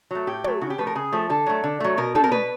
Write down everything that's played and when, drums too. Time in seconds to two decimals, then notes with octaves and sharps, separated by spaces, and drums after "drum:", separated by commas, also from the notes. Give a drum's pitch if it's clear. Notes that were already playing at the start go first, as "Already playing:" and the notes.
0.11 F#3 A3
0.27 A2 G4
0.44 F#3 A3, drum: tom
0.61 C#3 F#4
0.70 G4
0.78 F3 A3 B4
0.87 A#4
0.95 C#3 G#4
1.12 F3 A3
1.30 D3 A4
1.46 F#3 A3
1.64 D3
1.80 F#3 A3
1.97 B2 A#4
2.15 G3 A4, drum: tom
2.24 A#4
2.31 B2 B4